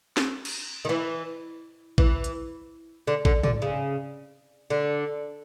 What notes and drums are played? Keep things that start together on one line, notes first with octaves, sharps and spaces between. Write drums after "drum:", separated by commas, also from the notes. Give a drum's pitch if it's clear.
drum: snare
drum: cymbal
D#3
E3
E3, drum: kick A1
drum: hi-hat
D3
D3, drum: kick A1
D3, drum: tom
C#3
D3